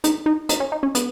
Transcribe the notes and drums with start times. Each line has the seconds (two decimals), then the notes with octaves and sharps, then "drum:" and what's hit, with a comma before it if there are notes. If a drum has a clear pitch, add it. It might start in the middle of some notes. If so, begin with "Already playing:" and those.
0.04 D#4, drum: hi-hat
0.26 D#4
0.49 D#4, drum: hi-hat
0.60 C#4
0.72 D#4
0.83 C#4
0.95 B3, drum: hi-hat